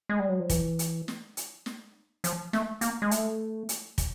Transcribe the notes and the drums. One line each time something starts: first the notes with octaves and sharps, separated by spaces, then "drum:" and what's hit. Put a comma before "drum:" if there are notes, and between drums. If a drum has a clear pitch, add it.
G#3
G3
F#3
F3
E3, drum: kick, hi-hat
drum: hi-hat
drum: snare
drum: hi-hat
drum: snare
F3, drum: hi-hat
A3, drum: snare
A#3, drum: hi-hat
G#3
A3, drum: hi-hat
drum: hi-hat
drum: kick, hi-hat